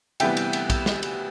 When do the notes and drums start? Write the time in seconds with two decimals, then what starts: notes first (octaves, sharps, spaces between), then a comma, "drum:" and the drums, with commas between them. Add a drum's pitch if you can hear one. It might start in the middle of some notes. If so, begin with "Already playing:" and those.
0.20 D2 C3 E3 G3 B3 E5 G5, drum: cymbal
0.37 drum: cymbal
0.53 drum: cymbal
0.70 drum: kick, cymbal
0.86 drum: snare
1.03 drum: cymbal